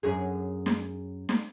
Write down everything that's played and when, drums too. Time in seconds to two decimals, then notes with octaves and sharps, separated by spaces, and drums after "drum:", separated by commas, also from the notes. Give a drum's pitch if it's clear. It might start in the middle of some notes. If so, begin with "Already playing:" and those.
0.03 F#2 G#4
0.66 drum: snare
1.29 drum: snare